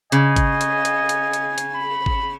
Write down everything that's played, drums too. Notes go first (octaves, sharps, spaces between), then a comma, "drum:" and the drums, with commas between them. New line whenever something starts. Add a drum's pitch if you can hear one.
C#3 D#5 G#5, drum: hi-hat
drum: kick G#1, hi-hat
drum: hi-hat
drum: hi-hat
drum: hi-hat
drum: hi-hat
drum: hi-hat
B5
drum: kick G#1